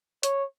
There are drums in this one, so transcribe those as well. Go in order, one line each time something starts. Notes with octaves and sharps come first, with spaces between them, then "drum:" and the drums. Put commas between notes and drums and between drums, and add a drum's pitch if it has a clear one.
C#5, drum: hi-hat